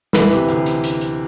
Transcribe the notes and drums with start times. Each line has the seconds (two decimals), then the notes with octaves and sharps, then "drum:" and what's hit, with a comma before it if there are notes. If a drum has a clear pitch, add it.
0.13 E3 B4, drum: snare
0.31 C3, drum: hi-hat
0.48 D2, drum: hi-hat
0.66 drum: hi-hat
0.84 drum: hi-hat
1.01 drum: hi-hat